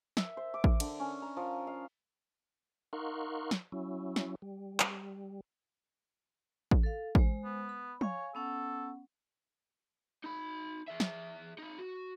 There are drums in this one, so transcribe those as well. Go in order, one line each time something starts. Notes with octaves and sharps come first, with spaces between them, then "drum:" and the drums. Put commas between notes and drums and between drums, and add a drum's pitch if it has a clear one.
E5, drum: snare
C5
D6
drum: kick A1
D3, drum: cymbal
C#4
A#5
F3
F5
D#4 A#4 F5 F#5 C6 C#6
drum: snare
F#3 C#4 E4
drum: snare
G3
drum: clap
drum: kick A1
A4 F5
G#3 C5, drum: kick A1
B3
B5
C#5 F5 G#5, drum: tom
B3 C#4 A4 F#5
D#4 B5
G#4 E5
drum: snare
D#4 B5
F#4